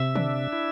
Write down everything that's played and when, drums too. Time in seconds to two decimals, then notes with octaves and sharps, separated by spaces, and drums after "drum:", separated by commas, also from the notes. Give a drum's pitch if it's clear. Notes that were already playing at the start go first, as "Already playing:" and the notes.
Already playing: C3 E5
0.16 D4, drum: tom D3
0.53 E4